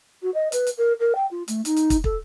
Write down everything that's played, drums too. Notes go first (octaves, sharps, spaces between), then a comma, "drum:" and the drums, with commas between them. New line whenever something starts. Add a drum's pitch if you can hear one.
F#4
D#5
B4, drum: hi-hat
drum: hi-hat
A#4
A#4
G5
F4
A3, drum: hi-hat
D#4, drum: hi-hat
drum: hi-hat
drum: kick, hi-hat
A4, drum: kick